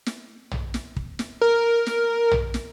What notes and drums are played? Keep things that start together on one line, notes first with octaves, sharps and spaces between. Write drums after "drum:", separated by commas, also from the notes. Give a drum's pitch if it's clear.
drum: snare
drum: tom
drum: snare
drum: kick
drum: snare
A#4
drum: snare
drum: tom
drum: snare